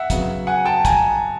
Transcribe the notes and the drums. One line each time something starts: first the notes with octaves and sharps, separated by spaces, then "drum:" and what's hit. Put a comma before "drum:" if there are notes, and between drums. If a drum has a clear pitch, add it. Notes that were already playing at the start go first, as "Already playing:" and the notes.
Already playing: E5 F#5
C#3 F#3 B3, drum: kick, hi-hat
F#5 G#5
G5 A5
G#5 A#5, drum: kick, hi-hat